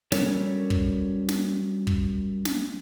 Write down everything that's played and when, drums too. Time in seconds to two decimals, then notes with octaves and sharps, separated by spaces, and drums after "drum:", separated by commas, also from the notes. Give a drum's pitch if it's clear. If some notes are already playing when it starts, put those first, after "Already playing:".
0.12 F#3 G3 C#4 A4 A#4 C#5, drum: snare
0.70 drum: kick
1.29 drum: snare
1.87 drum: kick
2.45 drum: snare